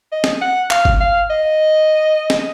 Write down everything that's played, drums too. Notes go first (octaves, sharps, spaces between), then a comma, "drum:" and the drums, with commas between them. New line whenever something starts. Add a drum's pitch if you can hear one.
D#5
drum: snare
F#5
F5, drum: clap
drum: kick G1
F5
D#5
drum: snare